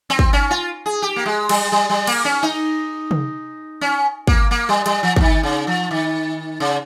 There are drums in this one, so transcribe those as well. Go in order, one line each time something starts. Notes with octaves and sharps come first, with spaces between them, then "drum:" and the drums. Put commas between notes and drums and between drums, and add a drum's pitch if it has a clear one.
C4
drum: kick
C#4
F4
G#4
G4
A#3
G#3
G3, drum: cymbal
G3
G3
A#3, drum: cymbal
C#4
D#4
drum: tom
C#4
A#3, drum: kick
A#3
G3
G3, drum: hi-hat
F3
F3, drum: kick
D#3
C#3
F3
D#3
C#3